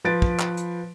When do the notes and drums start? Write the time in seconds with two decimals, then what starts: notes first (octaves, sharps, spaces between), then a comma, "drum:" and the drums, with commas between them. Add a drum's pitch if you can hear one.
0.05 F3 B4 A6 D7
0.22 drum: kick
0.40 drum: clap
0.57 drum: hi-hat